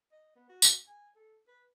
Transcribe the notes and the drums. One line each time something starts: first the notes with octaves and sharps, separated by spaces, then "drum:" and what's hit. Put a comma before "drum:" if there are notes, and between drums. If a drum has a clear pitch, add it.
D#5
B3
F#4
drum: tambourine
G#5
A4
B4